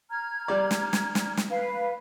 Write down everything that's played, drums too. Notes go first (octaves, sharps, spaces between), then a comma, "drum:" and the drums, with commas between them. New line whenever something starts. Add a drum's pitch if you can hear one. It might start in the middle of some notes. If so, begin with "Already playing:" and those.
A#5 F6 G#6
G3 D5
drum: snare
drum: snare
drum: snare
drum: snare
B4 F5